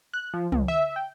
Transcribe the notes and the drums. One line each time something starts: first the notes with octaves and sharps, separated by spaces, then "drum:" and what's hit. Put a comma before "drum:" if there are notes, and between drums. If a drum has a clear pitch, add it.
F#6
F3
C#2, drum: tom
E5
G5